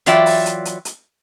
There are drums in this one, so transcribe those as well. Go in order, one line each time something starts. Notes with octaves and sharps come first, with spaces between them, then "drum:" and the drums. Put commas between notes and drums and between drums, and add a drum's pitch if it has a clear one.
E3 F#3 F4 D5 E5 G5, drum: hi-hat
drum: open hi-hat
drum: hi-hat
drum: hi-hat
drum: hi-hat